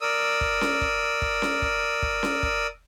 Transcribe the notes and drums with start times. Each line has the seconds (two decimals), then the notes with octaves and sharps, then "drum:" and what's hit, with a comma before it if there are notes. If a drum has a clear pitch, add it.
0.01 A#4 D5 D#6 E6
0.41 drum: kick
0.61 drum: snare C#4
0.81 drum: kick
1.22 drum: kick
1.42 drum: snare C#4
1.62 drum: kick
2.03 drum: kick
2.23 drum: snare C#4
2.43 drum: kick